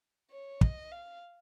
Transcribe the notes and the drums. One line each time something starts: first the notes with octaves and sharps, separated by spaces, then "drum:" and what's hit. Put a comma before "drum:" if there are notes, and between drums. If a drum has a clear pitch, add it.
C#5
D#5, drum: kick
F5